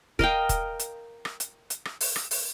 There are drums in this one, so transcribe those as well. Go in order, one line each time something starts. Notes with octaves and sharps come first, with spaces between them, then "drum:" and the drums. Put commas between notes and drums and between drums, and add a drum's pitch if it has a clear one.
A#4 D#5 F5 G5, drum: kick
drum: kick, hi-hat
drum: hi-hat
drum: rim click
drum: hi-hat
drum: hi-hat
drum: rim click
drum: open hi-hat
drum: rim click
drum: open hi-hat